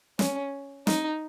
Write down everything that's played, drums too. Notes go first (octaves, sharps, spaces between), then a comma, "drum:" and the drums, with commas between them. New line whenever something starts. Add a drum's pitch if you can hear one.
C#4, drum: snare
D#4, drum: snare